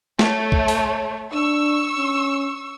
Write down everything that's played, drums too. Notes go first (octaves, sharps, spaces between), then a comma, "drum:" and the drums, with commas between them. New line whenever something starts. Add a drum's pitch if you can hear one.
A3 C#5, drum: snare
drum: kick
drum: open hi-hat
D4 C#6 E6
C#4